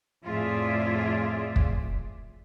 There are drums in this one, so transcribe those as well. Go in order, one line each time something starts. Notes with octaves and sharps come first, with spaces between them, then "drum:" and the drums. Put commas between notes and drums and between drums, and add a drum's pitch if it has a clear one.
F2 A2 F4 G#4 D5 E5
drum: kick